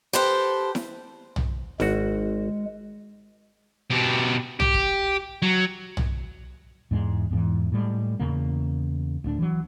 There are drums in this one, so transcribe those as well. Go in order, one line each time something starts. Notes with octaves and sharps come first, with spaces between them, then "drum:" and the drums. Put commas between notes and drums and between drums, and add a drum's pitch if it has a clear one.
G4 A4 B4 C5 G5
drum: snare E4
drum: tom
G#1 G#3 F#4, drum: snare E4
B2 G4
G4, drum: tom
drum: kick
F#3
drum: tom
E2 G#2 G#3
E2 G#2 E3
A2 G3 G#3
E2 C#3 A#3
D1 D2 D4
E3 F#3